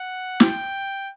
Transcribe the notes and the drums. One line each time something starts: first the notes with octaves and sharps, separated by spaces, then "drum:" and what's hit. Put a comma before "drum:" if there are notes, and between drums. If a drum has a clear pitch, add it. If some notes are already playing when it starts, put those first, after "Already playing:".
Already playing: F#5
G5, drum: snare